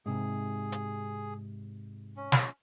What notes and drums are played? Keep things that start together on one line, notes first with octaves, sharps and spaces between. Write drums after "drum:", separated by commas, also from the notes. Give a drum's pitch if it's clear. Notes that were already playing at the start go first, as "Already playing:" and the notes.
G#2 C3 G#4
drum: hi-hat
C#4
drum: snare